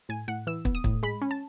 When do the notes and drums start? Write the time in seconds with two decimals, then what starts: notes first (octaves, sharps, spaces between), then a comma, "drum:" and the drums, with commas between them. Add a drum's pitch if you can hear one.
0.09 A2 G#5
0.28 A2 F#5
0.47 E3 E6
0.65 B3, drum: kick
0.75 D#6
0.84 A2, drum: kick
1.03 G#3 B5
1.21 C#4
1.31 A5